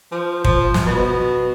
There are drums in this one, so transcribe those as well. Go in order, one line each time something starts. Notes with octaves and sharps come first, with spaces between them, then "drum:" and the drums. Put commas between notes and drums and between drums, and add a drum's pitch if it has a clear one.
F3
F3, drum: kick
drum: snare
B2